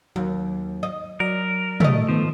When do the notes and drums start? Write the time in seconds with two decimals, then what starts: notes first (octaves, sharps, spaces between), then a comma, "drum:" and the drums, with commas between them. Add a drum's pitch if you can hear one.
0.16 D#2 F#3
0.83 D#5
1.20 F#3 A#4 D5
1.80 A3 D#5, drum: tom
2.08 D#3 F3 B3